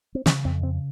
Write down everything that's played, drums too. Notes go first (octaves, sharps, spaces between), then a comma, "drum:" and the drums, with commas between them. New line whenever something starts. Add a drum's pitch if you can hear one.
C4
C#3 C#4, drum: snare
F2 C4
C#3 C4